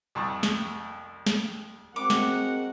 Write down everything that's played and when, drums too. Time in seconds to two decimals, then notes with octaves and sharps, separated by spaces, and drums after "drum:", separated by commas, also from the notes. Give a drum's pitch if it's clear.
0.15 C2 F2 C#6
0.43 drum: snare
1.27 drum: snare
1.96 G#3 C4 F#4 A#4 F#5 D6
2.10 drum: snare